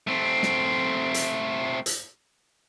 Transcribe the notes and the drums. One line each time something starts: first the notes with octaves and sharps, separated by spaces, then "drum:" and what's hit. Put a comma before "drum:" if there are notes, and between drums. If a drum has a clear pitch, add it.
A3 C4
drum: snare
drum: hi-hat
drum: hi-hat